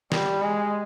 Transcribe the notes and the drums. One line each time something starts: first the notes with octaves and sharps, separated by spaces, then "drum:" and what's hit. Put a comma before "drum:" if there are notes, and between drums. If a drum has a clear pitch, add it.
G3, drum: snare
G#3